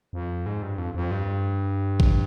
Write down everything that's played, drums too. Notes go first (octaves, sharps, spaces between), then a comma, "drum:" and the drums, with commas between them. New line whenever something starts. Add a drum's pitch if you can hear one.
F2
G#2
G2
F2
F2
G2
drum: kick